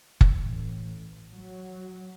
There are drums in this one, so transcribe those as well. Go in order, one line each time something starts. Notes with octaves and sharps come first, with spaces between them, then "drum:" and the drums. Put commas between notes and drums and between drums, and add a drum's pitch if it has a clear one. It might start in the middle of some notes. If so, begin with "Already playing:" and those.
A1, drum: kick F#1
F#3